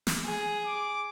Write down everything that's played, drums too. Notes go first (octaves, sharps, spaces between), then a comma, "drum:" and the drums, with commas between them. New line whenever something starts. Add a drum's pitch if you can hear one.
drum: snare
G#4
D6